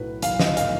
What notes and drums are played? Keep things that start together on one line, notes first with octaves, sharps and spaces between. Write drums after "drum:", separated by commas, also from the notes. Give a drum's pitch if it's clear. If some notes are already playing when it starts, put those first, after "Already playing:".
Already playing: B1 A2 F#3 B4
B1 F5, drum: hi-hat
D#5, drum: snare
A2 F#3 F5, drum: hi-hat